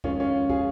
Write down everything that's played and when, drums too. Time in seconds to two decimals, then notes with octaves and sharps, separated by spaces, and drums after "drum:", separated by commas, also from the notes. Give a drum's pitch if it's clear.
0.04 F2 D#3 G#3 C#4 F4, drum: kick
0.20 C#4 F4
0.50 F4 G#4, drum: kick